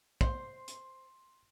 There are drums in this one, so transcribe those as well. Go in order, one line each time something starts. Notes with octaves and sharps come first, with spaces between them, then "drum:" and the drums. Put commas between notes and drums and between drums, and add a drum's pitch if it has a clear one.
C5 C6, drum: kick
drum: hi-hat